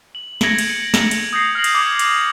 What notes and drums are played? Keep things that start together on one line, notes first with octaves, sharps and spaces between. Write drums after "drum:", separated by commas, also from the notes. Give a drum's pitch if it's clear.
F#7
G#6 A#6 C#7 D7 F#7, drum: snare
drum: cymbal
C#7
drum: snare
drum: cymbal
D#6 G6 A#6 C7
F6 A#6 F#7
drum: cymbal
D6 G#6
drum: cymbal